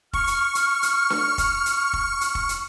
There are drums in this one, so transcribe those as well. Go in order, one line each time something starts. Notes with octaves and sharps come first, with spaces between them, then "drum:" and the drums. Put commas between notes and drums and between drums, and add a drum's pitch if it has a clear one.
C#6 F6, drum: kick F1
drum: hi-hat
drum: hi-hat
drum: hi-hat
drum: snare D4
drum: kick F1, hi-hat
drum: hi-hat
drum: kick F1
drum: hi-hat
drum: kick F1
drum: hi-hat